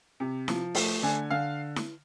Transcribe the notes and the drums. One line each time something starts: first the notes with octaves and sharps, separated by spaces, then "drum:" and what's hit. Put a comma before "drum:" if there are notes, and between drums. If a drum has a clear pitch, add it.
C3
F3, drum: snare E4
A3, drum: open hi-hat
D3 G#5
D3 F5
drum: snare E4